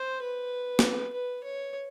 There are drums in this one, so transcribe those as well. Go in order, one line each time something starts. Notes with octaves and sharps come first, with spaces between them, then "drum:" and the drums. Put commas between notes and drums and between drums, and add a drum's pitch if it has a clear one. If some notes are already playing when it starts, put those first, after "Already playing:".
Already playing: C5
B4
drum: snare
B4
C#5